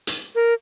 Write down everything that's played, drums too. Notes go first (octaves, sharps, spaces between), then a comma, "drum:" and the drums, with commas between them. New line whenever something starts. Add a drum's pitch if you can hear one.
drum: hi-hat
A#4